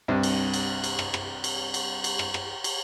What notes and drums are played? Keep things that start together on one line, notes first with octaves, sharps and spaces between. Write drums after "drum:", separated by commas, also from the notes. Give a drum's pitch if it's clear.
C2 G2 C3
drum: cymbal
drum: cymbal
drum: cymbal
drum: rim click
drum: rim click
drum: cymbal
drum: cymbal
drum: cymbal
drum: rim click
drum: rim click
drum: cymbal